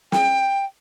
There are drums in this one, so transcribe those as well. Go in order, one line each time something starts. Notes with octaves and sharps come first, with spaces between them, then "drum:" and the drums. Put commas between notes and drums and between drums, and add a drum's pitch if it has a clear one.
G5, drum: snare